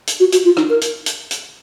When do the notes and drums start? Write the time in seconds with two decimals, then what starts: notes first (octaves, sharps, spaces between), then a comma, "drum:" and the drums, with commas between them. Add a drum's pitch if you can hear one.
0.07 drum: hi-hat
0.20 F#4
0.32 F#4, drum: hi-hat
0.44 F4
0.57 D#4, drum: rim click
0.69 A#4
0.81 drum: hi-hat
1.06 drum: hi-hat
1.31 drum: hi-hat